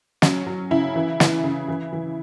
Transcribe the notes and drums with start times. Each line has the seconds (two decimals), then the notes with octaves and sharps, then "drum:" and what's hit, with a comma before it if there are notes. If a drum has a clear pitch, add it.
0.22 F#3 C#4, drum: snare
0.47 F#3
0.71 C#3 E4
0.96 E3
1.20 E3, drum: snare
1.44 C#3
1.69 E3
1.93 E3